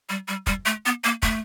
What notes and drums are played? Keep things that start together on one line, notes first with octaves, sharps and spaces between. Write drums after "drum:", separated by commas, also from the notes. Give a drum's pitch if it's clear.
G3
G3
G3, drum: kick
A3
B3
A#3
A3, drum: kick